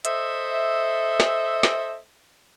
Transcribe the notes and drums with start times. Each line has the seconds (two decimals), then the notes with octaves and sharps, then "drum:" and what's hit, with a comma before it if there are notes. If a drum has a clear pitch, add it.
0.05 A4 C5 D#5 E5, drum: hi-hat
1.20 drum: snare
1.63 drum: snare